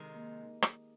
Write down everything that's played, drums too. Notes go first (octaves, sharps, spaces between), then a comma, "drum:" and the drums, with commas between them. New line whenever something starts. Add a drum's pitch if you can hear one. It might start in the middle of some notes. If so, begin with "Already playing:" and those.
Already playing: C3 D#3 G#3 D#4
A#3
drum: rim click